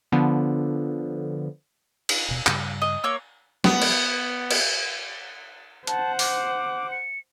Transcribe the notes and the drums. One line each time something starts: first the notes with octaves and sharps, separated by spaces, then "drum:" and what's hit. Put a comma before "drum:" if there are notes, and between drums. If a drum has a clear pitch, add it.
D3 F3 B3
drum: cymbal
D#1 B2
G2 C#3 G3, drum: clap
D#5
A#3 C#5 E6
B3, drum: snare
drum: cymbal
drum: cymbal
C5 F#5 A5, drum: hi-hat
D6, drum: open hi-hat
C#7